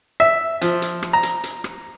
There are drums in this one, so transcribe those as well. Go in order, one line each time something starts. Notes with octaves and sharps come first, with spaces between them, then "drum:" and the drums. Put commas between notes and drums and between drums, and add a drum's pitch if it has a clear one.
E5
F3, drum: hi-hat
drum: hi-hat
drum: rim click
A#5
drum: hi-hat
drum: hi-hat
drum: rim click